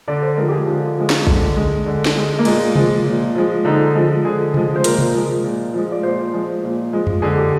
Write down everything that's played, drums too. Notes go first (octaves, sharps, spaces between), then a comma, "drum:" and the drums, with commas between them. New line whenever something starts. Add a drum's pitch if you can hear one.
D3 D5
C5
F3 G#3 A#4
G4
G#4
D3 F4
F3 G#3
drum: snare
D3, drum: kick A1
G#3
D3
drum: snare
G#3
A#3
A#2 G#3, drum: cymbal
F3 G#3, drum: tom C3
A#2
F3 G#3
D3 D#4
F3 G#3
D3 G#4
F3 G#3, drum: tom C3
C5
A#2 A#4, drum: hi-hat
drum: tom C3
F3 G#3
A#2
F3 G#3
D5
A#2 C5
F3 G#3
A#2
F3 G#3
drum: tom F2
D3 G#4
G4